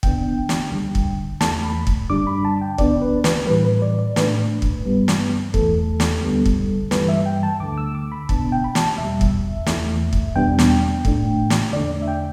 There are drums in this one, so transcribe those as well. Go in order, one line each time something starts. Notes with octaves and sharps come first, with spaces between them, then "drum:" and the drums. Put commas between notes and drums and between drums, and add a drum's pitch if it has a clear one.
D2 D3 B3 D4 G5, drum: kick
drum: snare
D2 D3 G3
drum: kick
E2 E3 A3 A5, drum: snare
B5
drum: kick
G2 D3 G3 D4 D6
B5
A5
G5
D2 D3 B3 D4 D5, drum: kick
B4
B4, drum: snare
A2 E3 G3 B4
B4
D5
D5
A2 A3 D4 B4, drum: snare
drum: kick
G2 G3 B3
drum: snare
E2 E3 A3 A4, drum: kick
drum: snare
D2 D3 G3 B3
drum: kick
G2 E3 G3 B4, drum: snare
E5
G5
A5
D2 D3 A3 D6
E6
D6
B5
B2 B3 D4 A5, drum: kick
G5
B5
A5, drum: snare
E2 B2 G3 E5
drum: kick
E2 E3 A3, drum: snare
drum: kick
E2 B2 G3 B3 D4 G5
drum: snare
A2 A3 D4, drum: kick
drum: snare
E2 D3 A3 D4 D5
E5
G5